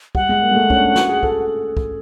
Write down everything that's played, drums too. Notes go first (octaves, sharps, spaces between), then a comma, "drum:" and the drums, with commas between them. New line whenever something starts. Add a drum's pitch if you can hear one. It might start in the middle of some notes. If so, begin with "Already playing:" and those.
G3 F#5, drum: kick
G#3
A#3
G#3
A3
C#4, drum: kick
D4
F#4, drum: snare
G#4
A4, drum: kick
drum: kick